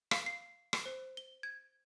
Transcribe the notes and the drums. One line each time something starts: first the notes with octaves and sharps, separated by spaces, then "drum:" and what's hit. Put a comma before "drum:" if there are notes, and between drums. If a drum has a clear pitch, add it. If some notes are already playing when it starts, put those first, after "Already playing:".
F5, drum: rim click
C7
drum: rim click
C5
G7
G#6